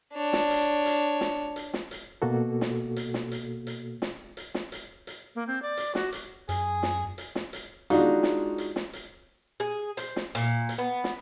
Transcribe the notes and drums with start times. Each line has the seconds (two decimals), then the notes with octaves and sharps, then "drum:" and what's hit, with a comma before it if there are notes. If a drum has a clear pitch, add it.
0.14 D4 C#5
0.33 drum: snare
0.51 drum: hi-hat
0.86 drum: hi-hat
1.21 drum: snare
1.56 drum: hi-hat
1.74 drum: snare
1.91 drum: hi-hat
2.22 B2 A#3 F#4 A4
2.61 drum: snare
2.96 drum: hi-hat
3.14 drum: snare
3.32 drum: hi-hat
3.67 drum: hi-hat
4.02 drum: snare
4.37 drum: hi-hat
4.54 drum: snare
4.72 drum: hi-hat
5.07 drum: hi-hat
5.35 A#3
5.48 C4
5.62 D5
5.77 drum: hi-hat
5.95 F#4, drum: snare
6.12 drum: hi-hat
6.49 F#2 G#4, drum: hi-hat
6.83 drum: snare
7.18 drum: hi-hat
7.35 drum: snare
7.53 drum: hi-hat
7.90 G#3 D4 D#4 F4 F#4, drum: hi-hat
8.23 drum: snare
8.58 drum: hi-hat
8.76 drum: snare
8.93 drum: hi-hat
9.60 G#4
9.97 C5, drum: hi-hat
10.16 drum: snare
10.35 A#2, drum: hi-hat
10.69 drum: hi-hat
10.78 B3
11.04 drum: snare